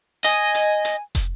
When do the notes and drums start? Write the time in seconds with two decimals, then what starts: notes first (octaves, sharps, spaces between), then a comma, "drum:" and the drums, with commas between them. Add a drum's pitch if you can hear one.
0.25 D#5 G#5, drum: hi-hat
0.55 drum: hi-hat
0.85 drum: hi-hat
1.15 drum: kick, hi-hat